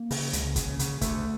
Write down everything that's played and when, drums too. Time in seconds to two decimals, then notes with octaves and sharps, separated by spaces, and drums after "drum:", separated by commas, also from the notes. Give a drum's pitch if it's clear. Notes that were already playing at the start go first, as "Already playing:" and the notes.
Already playing: A#3
0.11 C#3, drum: open hi-hat
0.33 C#2, drum: hi-hat
0.56 C#3, drum: kick, hi-hat
0.79 C#3, drum: hi-hat
1.01 D2 A3, drum: kick, hi-hat